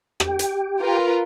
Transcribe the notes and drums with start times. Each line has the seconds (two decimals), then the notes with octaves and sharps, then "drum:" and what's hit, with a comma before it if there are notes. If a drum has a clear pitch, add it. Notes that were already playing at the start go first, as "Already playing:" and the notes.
0.20 G4 G5, drum: rim click
0.39 drum: hi-hat
0.80 F4 A#4 B4